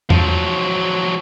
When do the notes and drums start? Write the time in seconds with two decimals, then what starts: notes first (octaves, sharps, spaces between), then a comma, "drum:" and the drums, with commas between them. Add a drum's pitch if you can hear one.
0.10 F3 F#3, drum: tom E2